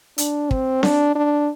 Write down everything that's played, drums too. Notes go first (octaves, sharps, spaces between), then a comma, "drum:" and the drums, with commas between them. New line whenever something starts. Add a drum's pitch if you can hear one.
D4, drum: hi-hat
C4, drum: kick
D4, drum: snare C4
D4